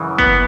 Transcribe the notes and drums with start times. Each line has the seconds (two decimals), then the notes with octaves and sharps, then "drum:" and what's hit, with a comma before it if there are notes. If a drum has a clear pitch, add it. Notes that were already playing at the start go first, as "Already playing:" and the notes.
Already playing: F#2 C#3 E3
0.19 B3, drum: kick F#1